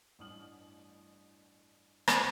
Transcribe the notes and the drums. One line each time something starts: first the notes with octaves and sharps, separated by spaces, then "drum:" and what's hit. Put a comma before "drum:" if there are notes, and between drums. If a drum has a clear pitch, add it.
A1 G2 F#5 D#6 F6 F#7
drum: rim click